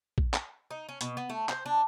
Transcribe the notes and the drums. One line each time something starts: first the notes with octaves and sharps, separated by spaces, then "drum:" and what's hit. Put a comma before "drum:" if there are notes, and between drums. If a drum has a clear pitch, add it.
drum: kick A#1
drum: clap
D#4
C#4
B2, drum: hi-hat
B3
A3
C5, drum: clap
D4